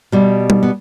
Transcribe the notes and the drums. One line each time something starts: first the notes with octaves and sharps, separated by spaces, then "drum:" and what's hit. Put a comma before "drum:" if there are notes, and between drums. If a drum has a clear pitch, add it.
B2 G3
drum: tom G3
B3